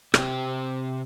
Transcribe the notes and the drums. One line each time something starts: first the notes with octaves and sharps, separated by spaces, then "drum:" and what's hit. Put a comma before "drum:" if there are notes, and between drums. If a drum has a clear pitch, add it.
C3 G4, drum: rim click